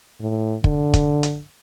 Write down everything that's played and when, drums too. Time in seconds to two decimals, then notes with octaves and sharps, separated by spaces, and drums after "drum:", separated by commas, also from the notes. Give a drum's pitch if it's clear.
0.21 A2
0.64 D3, drum: kick
0.94 drum: kick, hi-hat
1.23 drum: hi-hat